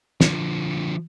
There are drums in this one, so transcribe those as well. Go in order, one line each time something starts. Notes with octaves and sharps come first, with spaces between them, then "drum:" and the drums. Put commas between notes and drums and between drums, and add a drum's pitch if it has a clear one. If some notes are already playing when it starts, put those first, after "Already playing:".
D3 F3, drum: snare